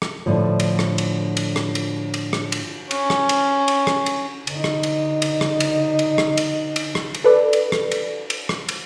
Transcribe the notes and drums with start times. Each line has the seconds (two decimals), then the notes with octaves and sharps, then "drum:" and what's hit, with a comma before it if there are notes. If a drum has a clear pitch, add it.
0.02 drum: rim click
0.26 A2 D3 F3
0.60 drum: cymbal
0.79 drum: rim click
0.98 drum: cymbal
1.37 drum: cymbal
1.56 drum: rim click
1.75 drum: cymbal
2.14 drum: cymbal
2.33 drum: rim click
2.52 drum: cymbal
2.91 C#4, drum: cymbal
3.10 drum: rim click
3.29 drum: cymbal
3.68 drum: cymbal
3.87 drum: rim click
4.06 drum: cymbal
4.47 D3 D#4, drum: cymbal
4.64 drum: rim click
4.83 drum: cymbal
5.22 drum: cymbal
5.41 drum: rim click
5.60 drum: cymbal
5.99 drum: cymbal
6.18 drum: rim click
6.37 drum: cymbal
6.76 drum: cymbal
6.95 drum: rim click
7.14 drum: cymbal
7.24 A4 B4 D5
7.53 drum: cymbal
7.72 drum: rim click
7.92 drum: cymbal
8.30 drum: cymbal
8.49 drum: rim click
8.69 drum: cymbal